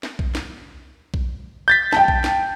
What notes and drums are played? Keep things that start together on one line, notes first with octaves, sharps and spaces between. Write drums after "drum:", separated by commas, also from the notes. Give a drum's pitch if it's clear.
drum: snare
drum: kick B1
drum: snare
drum: kick B1
G6 A6 B6
G5 A5, drum: snare
drum: kick B1
drum: snare